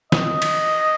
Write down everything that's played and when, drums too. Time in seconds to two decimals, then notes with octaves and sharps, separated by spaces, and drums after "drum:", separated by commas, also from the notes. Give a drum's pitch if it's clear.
0.12 D#5, drum: snare
0.42 drum: cymbal